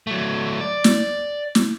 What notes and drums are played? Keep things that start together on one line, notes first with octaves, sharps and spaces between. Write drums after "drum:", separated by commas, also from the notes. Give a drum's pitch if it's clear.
F#3 A3
D5
drum: snare
drum: snare